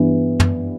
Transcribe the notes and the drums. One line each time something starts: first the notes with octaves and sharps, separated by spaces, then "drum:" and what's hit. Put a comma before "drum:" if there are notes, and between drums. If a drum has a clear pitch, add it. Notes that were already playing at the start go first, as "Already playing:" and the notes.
Already playing: G2 E3 B3
drum: tom